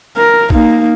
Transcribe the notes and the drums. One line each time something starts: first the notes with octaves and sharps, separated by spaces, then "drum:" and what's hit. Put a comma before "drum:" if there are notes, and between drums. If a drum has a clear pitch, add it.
A#4
A#3 D#4, drum: kick